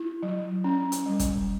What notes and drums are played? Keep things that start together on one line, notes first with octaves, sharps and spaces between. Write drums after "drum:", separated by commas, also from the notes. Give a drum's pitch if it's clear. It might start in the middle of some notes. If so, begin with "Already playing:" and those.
Already playing: E4
F#3
C#4
drum: hi-hat
G3
drum: kick, hi-hat